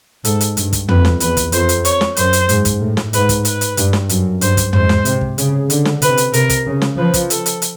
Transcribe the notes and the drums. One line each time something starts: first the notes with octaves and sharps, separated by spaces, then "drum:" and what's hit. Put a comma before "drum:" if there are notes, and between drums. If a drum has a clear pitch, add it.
G#2 A4, drum: hi-hat
drum: hi-hat
G2, drum: hi-hat
drum: kick, hi-hat
F2 B4, drum: tom
drum: snare
E2 B4, drum: hi-hat
drum: kick, hi-hat
F2 C5, drum: hi-hat
drum: hi-hat
C#5, drum: hi-hat
drum: snare
F#2 C5, drum: hi-hat
drum: hi-hat
G#2, drum: hi-hat
drum: kick, hi-hat
A2
drum: snare
G#2 B4, drum: hi-hat
drum: kick, hi-hat
B4, drum: hi-hat
drum: hi-hat
G2, drum: hi-hat
drum: snare
F#2, drum: hi-hat
G2 C5, drum: hi-hat
drum: kick, hi-hat
G#2 C5, drum: tom
drum: snare
C3, drum: hi-hat
drum: kick
C#3, drum: hi-hat
D3, drum: hi-hat
drum: snare
C3 B4, drum: hi-hat
drum: hi-hat
C3 A#4, drum: hi-hat
drum: kick, hi-hat
C#3
drum: snare
F3 B4
drum: kick, hi-hat
A4, drum: hi-hat
drum: hi-hat
drum: hi-hat